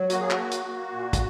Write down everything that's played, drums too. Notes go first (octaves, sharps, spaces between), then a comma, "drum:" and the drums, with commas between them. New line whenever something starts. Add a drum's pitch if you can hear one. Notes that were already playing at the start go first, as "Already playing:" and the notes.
Already playing: F#3
A#3 F#4, drum: hi-hat
G#4
F#4, drum: clap
A#3
drum: hi-hat
A#3
A#2
drum: kick, hi-hat